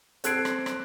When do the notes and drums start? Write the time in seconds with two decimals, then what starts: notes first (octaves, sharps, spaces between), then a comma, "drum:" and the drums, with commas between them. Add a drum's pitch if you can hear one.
0.24 C4 A4 F#6 G#6 C7 D7, drum: hi-hat
0.45 drum: rim click
0.66 drum: rim click